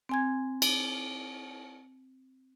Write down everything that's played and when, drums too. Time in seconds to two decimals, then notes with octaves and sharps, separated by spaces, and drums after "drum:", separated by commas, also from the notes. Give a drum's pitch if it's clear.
0.09 C4 G#5 G#6
0.62 drum: cymbal